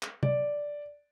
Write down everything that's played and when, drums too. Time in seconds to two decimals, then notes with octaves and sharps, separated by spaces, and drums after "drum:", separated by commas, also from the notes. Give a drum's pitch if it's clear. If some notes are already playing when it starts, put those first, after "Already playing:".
0.02 drum: clap
0.23 D5, drum: tom